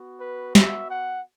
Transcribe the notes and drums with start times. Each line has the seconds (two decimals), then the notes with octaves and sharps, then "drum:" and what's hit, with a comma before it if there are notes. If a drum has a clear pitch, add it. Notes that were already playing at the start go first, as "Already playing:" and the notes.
Already playing: B3 F#4
0.20 B4
0.55 E5, drum: snare
0.90 F#5